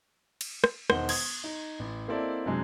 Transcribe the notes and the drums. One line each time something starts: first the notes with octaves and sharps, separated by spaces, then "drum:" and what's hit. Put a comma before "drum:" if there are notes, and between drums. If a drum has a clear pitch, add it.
drum: cymbal
drum: rim click
E1 D#3 C5 D#5 F#5 G7, drum: rim click
D#6 G#6, drum: cymbal
D#4
A1
A#3 C4 E4 A4 D5 D#5
F#2 C3 F#3 G#3 D4